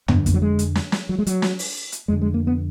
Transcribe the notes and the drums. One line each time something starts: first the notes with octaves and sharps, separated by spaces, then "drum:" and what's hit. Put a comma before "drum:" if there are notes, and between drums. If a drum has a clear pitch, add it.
F2 D3 B3, drum: tom
A#3, drum: kick, hi-hat
F#3
G#3
drum: hi-hat
drum: snare
drum: snare
F#3
G#3
F#3, drum: hi-hat
drum: snare
drum: open hi-hat
drum: hi-hat
F2 D3 G#3
G#3
A#3
B3